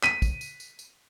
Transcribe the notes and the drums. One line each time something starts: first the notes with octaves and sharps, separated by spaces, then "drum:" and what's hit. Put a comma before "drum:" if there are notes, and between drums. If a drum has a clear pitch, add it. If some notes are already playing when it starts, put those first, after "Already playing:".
B6 D#7, drum: clap
drum: kick, tambourine
drum: tambourine
drum: tambourine
drum: tambourine